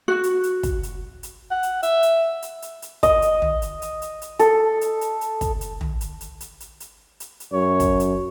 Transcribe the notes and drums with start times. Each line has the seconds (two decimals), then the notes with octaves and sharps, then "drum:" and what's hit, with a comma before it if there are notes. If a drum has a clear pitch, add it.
0.08 F#4
0.24 drum: hi-hat
0.43 drum: hi-hat
0.63 drum: kick, hi-hat
0.83 drum: hi-hat
1.23 drum: hi-hat
1.51 F#5
1.63 drum: hi-hat
1.83 E5, drum: hi-hat
2.03 drum: hi-hat
2.42 drum: hi-hat
2.62 drum: hi-hat
2.82 drum: hi-hat
3.03 D#5, drum: kick, hi-hat
3.22 drum: hi-hat
3.42 drum: tom
3.62 drum: hi-hat
3.82 drum: hi-hat
4.02 drum: hi-hat
4.22 drum: hi-hat
4.39 A4, drum: hi-hat
4.81 drum: hi-hat
5.01 drum: hi-hat
5.21 drum: hi-hat
5.41 drum: kick, hi-hat
5.61 drum: hi-hat
5.81 drum: tom
6.01 drum: hi-hat
6.21 drum: hi-hat
6.40 drum: hi-hat
6.60 drum: hi-hat
6.80 drum: hi-hat
7.20 drum: hi-hat
7.40 drum: hi-hat
7.53 F#2 C#5
7.80 drum: kick, hi-hat
8.00 drum: hi-hat